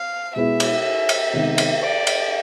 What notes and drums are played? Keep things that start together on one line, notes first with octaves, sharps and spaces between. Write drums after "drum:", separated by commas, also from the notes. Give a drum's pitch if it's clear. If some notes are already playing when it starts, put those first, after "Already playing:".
Already playing: F5
B2 G#3 B3 E4 G#4 E5
drum: cymbal
drum: cymbal
C3 D#3 G#3 B3 D#4
drum: cymbal
D5
drum: cymbal